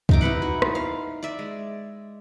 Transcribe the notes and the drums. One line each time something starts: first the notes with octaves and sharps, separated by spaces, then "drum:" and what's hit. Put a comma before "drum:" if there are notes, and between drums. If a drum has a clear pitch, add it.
C3 D#4 D6, drum: kick
D#4 E4 B4 F#5
F#4
drum: rim click
F5
D5 E5
G#3